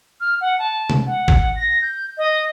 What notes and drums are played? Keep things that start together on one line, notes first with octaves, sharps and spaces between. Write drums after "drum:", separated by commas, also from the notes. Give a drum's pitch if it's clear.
F6
F#5
A5
drum: tom C3
F#5
drum: kick
A#6
G6
D#5